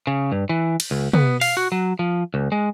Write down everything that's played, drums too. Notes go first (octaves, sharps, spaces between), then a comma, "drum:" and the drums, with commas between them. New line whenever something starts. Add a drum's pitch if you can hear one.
C#3
G2
E3
drum: cymbal
C#2
B3, drum: tom
F5, drum: open hi-hat
F#4
F#3
F3
C#2
G#3